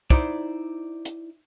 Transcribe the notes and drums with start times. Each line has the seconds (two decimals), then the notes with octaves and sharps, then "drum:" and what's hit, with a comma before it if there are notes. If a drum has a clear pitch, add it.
0.10 D#4 E4 C5 D5, drum: kick
1.05 drum: hi-hat